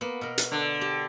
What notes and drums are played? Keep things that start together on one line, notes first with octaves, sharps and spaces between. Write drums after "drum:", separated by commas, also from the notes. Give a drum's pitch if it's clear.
A#3 B3
B2 A#4
drum: hi-hat
D3
G4